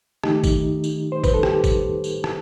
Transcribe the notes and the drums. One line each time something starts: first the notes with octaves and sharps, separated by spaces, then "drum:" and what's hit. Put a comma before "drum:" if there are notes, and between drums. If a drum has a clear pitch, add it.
D#3 A3 D#4 G4, drum: rim click
drum: kick, tambourine
drum: tambourine
C5
B4, drum: kick, tambourine
A4
G4, drum: rim click
drum: kick, tambourine
drum: tambourine
drum: rim click